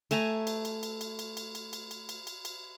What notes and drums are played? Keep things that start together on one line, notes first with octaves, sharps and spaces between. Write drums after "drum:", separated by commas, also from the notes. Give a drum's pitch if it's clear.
A3 E5 G#5 A#5, drum: cymbal
drum: cymbal
drum: cymbal
drum: cymbal
drum: cymbal
drum: cymbal
drum: cymbal
drum: cymbal
drum: cymbal
drum: cymbal
drum: cymbal
drum: cymbal
drum: cymbal